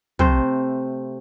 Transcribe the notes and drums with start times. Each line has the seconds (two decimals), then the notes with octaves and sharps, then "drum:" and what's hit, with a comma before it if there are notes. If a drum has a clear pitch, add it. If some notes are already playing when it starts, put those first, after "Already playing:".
0.19 C3 A3 C5, drum: tom